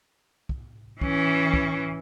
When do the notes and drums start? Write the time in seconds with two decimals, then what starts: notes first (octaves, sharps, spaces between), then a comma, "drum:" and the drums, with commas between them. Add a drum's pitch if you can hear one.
0.49 drum: kick
1.01 E3 C#4, drum: kick
1.54 drum: kick